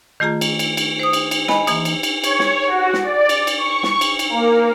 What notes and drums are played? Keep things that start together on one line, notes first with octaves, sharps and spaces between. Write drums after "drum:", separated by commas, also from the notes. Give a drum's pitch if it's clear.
D#3 A3 F4 G#4 A#5
drum: cymbal
drum: cymbal
drum: cymbal
C5 D#6
drum: cymbal
drum: cymbal
D#5 G#5 B5, drum: snare
E3 A#3 D#4, drum: cymbal
drum: cymbal
drum: cymbal
C#5, drum: cymbal
drum: snare
F#4
drum: snare
D5
drum: cymbal
drum: cymbal
C#6
drum: snare
drum: cymbal
drum: cymbal
A#3